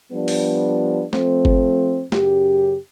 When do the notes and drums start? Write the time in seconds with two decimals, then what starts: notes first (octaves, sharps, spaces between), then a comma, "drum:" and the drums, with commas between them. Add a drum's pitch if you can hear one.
0.12 F3 G3 B3 D4
0.28 drum: open hi-hat
1.13 F3 A3 C4, drum: snare
1.45 drum: kick G1
2.12 F#2 C#3 G4, drum: snare